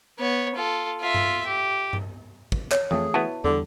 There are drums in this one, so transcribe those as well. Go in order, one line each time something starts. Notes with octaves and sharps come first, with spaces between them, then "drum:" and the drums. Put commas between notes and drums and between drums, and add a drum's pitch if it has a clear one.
B3 C#5
F4 A4
F4 E5
drum: tom G2
G4
drum: tom G2
drum: kick
C#5, drum: clap
F2 E3 A3 G#4
B3 E4 F#4 A5
E2 D3 G3